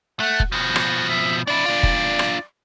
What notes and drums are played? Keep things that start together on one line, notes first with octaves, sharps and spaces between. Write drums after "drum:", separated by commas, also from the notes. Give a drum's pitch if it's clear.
A3 F#5
drum: kick F1
B2 F3 F#4
drum: rim click
E5
D4 E4 D5
D4 F4
drum: kick F1
drum: rim click